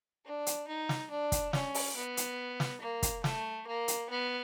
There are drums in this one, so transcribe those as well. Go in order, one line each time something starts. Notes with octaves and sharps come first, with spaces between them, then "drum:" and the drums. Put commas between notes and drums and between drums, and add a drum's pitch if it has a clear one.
D4
drum: hi-hat
D#4
drum: snare
D4
drum: kick, hi-hat
C#4, drum: snare
drum: open hi-hat
B3
drum: hi-hat
drum: snare
A#3
drum: kick, hi-hat
A3, drum: snare
A#3
drum: hi-hat
B3